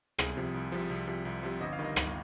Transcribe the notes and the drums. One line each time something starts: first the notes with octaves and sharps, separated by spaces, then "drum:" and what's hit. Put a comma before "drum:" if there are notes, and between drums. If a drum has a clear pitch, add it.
C2 G#4, drum: rim click
C3 F3
C2
C3 F3
C2
C3 F3
C2
C3 F3
G1 D#5
F5
G2 D#3
D#5
G1, drum: rim click